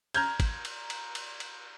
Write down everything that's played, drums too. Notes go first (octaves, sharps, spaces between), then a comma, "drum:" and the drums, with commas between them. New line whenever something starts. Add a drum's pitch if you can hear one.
A#5 F6 G6 G#6, drum: cymbal
drum: kick, cymbal
drum: cymbal
drum: cymbal
drum: cymbal
drum: cymbal